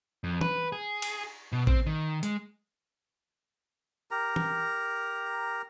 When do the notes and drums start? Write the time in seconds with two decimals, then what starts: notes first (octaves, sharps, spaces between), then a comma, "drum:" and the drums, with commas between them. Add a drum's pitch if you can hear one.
0.24 F2
0.41 B4, drum: tom E3
0.72 G#4
1.02 drum: cymbal
1.52 B2
1.67 C4, drum: kick
1.86 D#3
2.23 G#3, drum: hi-hat
4.11 G4 A#4 A#5
4.36 drum: tom E3